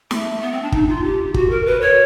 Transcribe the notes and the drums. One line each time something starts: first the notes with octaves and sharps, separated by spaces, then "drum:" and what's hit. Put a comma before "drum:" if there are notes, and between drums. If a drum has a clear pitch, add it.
A3, drum: snare
B3
C4
D4
D#4, drum: kick
F4
G4
F#4, drum: kick
A#4
B4
C#5